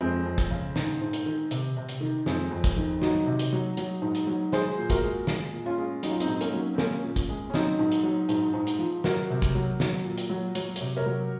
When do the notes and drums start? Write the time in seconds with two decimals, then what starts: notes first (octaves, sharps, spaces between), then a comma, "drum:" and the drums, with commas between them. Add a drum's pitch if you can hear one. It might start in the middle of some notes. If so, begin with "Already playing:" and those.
0.01 F2 G#3 C4
0.26 F2
0.38 drum: kick, hi-hat
0.51 C#3
0.76 G#2, drum: snare
1.01 G#2
1.13 drum: hi-hat
1.26 D#3
1.51 C3, drum: hi-hat
1.77 C3
1.89 drum: hi-hat
2.01 D#3
2.26 F2 G#3 C4, drum: snare
2.51 F2
2.64 drum: kick, hi-hat
2.77 D#3
3.02 F#3 D#4 F#4, drum: snare
3.26 C3
3.39 drum: hi-hat
3.53 F#3
3.77 F#3, drum: hi-hat
4.02 G#2
4.15 drum: hi-hat
4.27 F#3
4.52 G#3 G#4 C5, drum: snare
4.77 A#2
4.90 F#4 A#4, drum: kick, hi-hat
5.03 G#3
5.27 G#3, drum: snare
5.52 A#2
5.66 C#4 F4
5.78 G#3
6.03 F#3 D#4, drum: hi-hat
6.11 F4
6.20 C4 D#4, drum: hi-hat
6.28 G#2
6.41 A#3 C#4, drum: hi-hat
6.54 F#3
6.74 C4
6.78 G#3 A#3 C#4, drum: snare
7.03 A#2
7.16 drum: kick, hi-hat
7.29 G#3
7.50 C#4
7.54 F#3 C4 D#4, drum: snare
7.79 G#2
7.91 drum: hi-hat
8.03 F#3
8.29 G#2, drum: hi-hat
8.54 G#2
8.67 drum: hi-hat
8.79 F3
9.04 F#3 F#4 A#4, drum: snare
9.30 C3
9.42 drum: kick, hi-hat
9.55 F#3
9.80 F#3, drum: snare
10.04 A#2
10.18 drum: hi-hat
10.30 F#3
10.55 F#3 C#5, drum: hi-hat
10.76 C3 C#5, drum: hi-hat
10.97 A#4 C#5
11.06 F#3